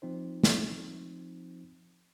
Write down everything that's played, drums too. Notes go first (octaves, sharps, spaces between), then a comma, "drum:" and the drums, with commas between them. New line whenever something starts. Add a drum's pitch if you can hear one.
F3 C4 D#4 C5
drum: snare